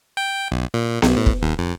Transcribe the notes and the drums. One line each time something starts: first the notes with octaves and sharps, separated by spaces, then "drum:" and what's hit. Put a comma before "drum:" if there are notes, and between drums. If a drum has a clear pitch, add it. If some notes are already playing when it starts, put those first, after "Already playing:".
G5
B1
A#2
B1, drum: snare B3
A2
drum: kick
D#2
F2